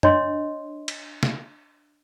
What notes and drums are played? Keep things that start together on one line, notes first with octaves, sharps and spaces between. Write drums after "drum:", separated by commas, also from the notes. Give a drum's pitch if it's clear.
D4 C#5 D#5 C6, drum: tom F#2
drum: cymbal
drum: snare